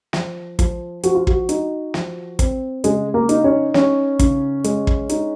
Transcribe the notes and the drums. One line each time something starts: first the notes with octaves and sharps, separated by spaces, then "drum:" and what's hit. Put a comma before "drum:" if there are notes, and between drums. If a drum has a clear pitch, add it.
F3, drum: snare
F3, drum: kick, hi-hat
F3 F#4, drum: hi-hat
F4
F#4, drum: kick
D#4, drum: hi-hat
F3, drum: snare
C4, drum: kick, hi-hat
C#3 G#3 G#4, drum: hi-hat
A#3 A#4
D#4, drum: hi-hat
C#4 C#5
C#4 D#4 C#5, drum: snare
C#3, drum: kick, hi-hat
G#3, drum: hi-hat
drum: kick
D#4, drum: hi-hat